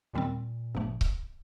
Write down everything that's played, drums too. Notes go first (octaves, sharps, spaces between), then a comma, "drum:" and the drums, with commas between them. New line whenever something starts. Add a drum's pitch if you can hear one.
D#2 A#2 D#3 G3 C4
G1 G2 F3 A3
drum: kick C#1